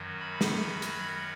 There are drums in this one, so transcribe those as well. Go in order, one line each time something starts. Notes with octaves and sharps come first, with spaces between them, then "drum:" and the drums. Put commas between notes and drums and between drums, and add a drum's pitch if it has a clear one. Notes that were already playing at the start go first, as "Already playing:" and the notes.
Already playing: F#2 D#3 F#3
B5
drum: snare
drum: hi-hat